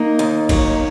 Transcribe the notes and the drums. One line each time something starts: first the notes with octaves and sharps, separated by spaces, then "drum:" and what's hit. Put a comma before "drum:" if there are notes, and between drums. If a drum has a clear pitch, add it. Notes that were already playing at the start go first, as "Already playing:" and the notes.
Already playing: A#3 D#4
D#2
F#3, drum: kick, cymbal